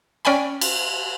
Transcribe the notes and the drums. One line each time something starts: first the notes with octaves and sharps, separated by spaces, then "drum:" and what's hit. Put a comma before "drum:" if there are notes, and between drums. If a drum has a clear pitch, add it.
C#4 D5 G5 G#5 B5
drum: cymbal